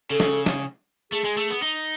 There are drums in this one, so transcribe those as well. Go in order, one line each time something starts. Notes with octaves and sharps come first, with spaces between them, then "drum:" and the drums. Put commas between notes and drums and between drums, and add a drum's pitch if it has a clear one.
C#3 A4
drum: snare
drum: snare
A3 G#4
G#3
A3
B3
D#4